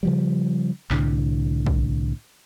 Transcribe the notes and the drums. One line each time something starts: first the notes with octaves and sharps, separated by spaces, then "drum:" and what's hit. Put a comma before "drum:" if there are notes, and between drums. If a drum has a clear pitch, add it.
C#3 F3 G3
C2 A2 D3, drum: clap
drum: kick